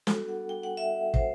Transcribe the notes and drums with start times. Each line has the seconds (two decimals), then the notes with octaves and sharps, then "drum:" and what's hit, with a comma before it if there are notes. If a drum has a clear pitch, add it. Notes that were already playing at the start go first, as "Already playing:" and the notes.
0.07 G3 B3 D4 F#4 A4, drum: snare
0.28 F#5
0.49 G5
0.63 F#5
0.77 E5
1.14 C5, drum: kick